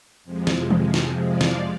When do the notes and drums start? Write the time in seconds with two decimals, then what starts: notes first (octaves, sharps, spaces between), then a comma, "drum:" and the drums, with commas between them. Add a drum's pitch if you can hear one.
0.24 F2 C3 F3 G#3
0.47 drum: snare
0.70 drum: tom D#3
0.94 drum: snare
1.29 D5 F5
1.41 drum: snare